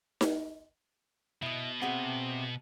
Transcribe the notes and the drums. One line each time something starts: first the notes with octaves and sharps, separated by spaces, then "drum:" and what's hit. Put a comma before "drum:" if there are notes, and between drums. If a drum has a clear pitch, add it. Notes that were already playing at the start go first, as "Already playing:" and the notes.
drum: snare D#4
B2 E4 D#5
C3 F#4 G#4 E5